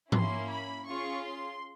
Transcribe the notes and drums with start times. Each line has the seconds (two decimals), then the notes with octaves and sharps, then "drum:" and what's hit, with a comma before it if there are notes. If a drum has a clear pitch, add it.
0.12 A#3 C#4 E4 C6, drum: tom G#2
0.49 B5
0.86 C#4 F4 G#4 C#6
1.23 C6